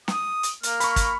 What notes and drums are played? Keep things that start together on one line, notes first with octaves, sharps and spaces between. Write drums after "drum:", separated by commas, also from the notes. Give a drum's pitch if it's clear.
D#6, drum: snare
drum: hi-hat
A#3 F6, drum: hi-hat
B5 C#6, drum: hi-hat
drum: kick, hi-hat